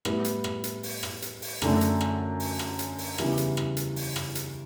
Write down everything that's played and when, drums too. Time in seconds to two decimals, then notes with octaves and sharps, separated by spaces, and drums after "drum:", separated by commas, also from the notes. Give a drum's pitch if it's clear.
0.05 A2 G3 B3 E4, drum: rim click
0.24 drum: hi-hat
0.44 drum: rim click
0.64 drum: hi-hat
0.83 drum: open hi-hat
1.03 drum: rim click
1.22 drum: hi-hat
1.42 drum: open hi-hat
1.62 F#2 D3 A3 D4, drum: rim click
1.81 drum: hi-hat
2.01 drum: rim click
2.40 drum: open hi-hat
2.59 drum: rim click
2.79 drum: hi-hat
2.98 drum: open hi-hat
3.18 E2 C#3 E3 G3, drum: rim click
3.37 drum: hi-hat
3.57 drum: rim click
3.77 drum: hi-hat
3.96 drum: open hi-hat
4.16 drum: rim click
4.35 drum: hi-hat